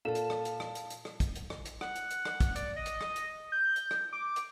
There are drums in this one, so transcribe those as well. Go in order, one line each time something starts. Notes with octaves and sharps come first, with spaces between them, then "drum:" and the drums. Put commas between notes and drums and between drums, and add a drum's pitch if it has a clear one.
A#2 A4 F5 A5 E7
drum: hi-hat
drum: rim click
drum: hi-hat
drum: rim click
drum: hi-hat
drum: hi-hat
drum: rim click
drum: kick, hi-hat
drum: hi-hat
drum: rim click
drum: hi-hat
F#5, drum: rim click
drum: hi-hat
drum: hi-hat
drum: rim click
drum: kick, hi-hat
D5, drum: hi-hat
D#5
drum: hi-hat
drum: rim click
drum: hi-hat
G6
drum: hi-hat
drum: rim click
D6
drum: hi-hat